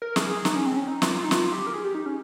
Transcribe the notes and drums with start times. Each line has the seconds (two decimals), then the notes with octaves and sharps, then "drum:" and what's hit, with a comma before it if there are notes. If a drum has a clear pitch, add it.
0.02 A#4
0.16 G#4, drum: snare
0.30 G#4
0.45 D#4, drum: snare
0.55 C#4
0.66 C4
0.77 C#4
0.88 D#4
1.02 F4, drum: snare
1.24 D#4
1.31 F4, drum: snare
1.52 G4
1.67 A#4
1.74 G#4
1.84 G4
1.95 D#4
2.06 C#4